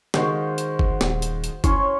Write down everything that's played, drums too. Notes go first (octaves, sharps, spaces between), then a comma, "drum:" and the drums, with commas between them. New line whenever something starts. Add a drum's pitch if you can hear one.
D#3 G#3 F#4 C5 F5, drum: snare
drum: hi-hat
drum: kick F#1
D#1, drum: snare
drum: hi-hat
drum: hi-hat
C#4 E4 C#5 C6, drum: kick F#1, hi-hat